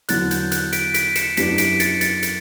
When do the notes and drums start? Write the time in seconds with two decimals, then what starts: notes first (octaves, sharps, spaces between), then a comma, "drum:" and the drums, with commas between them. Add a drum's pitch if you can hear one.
0.09 E2 D3 F#3 F#6 A6, drum: hi-hat
0.31 G6, drum: hi-hat
0.52 F#6, drum: hi-hat
0.73 B6 D7, drum: hi-hat
0.94 B6 D7, drum: hi-hat
1.15 C#7 E7, drum: hi-hat
1.37 F#2 E3 B3 D4 G4 B6 D7, drum: hi-hat
1.58 B6 D7, drum: hi-hat
1.80 A6 C#7, drum: hi-hat
2.01 A6 C#7, drum: hi-hat
2.23 drum: hi-hat